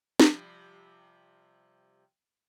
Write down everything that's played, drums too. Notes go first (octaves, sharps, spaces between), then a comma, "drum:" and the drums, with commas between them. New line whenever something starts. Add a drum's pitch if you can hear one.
C3 F3 G3, drum: snare